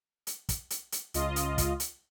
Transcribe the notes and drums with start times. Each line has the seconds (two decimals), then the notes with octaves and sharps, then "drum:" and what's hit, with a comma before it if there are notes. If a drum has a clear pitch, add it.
0.27 drum: hi-hat
0.49 drum: kick, hi-hat
0.70 drum: hi-hat
0.92 drum: hi-hat
1.14 C#2 F4 D#5, drum: hi-hat
1.36 drum: hi-hat
1.58 drum: kick, hi-hat
1.80 drum: hi-hat